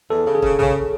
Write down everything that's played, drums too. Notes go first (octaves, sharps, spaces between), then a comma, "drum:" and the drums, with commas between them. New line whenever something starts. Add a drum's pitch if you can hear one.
E2 A4
C#3
G#4
C#3, drum: kick
C#3, drum: tom B1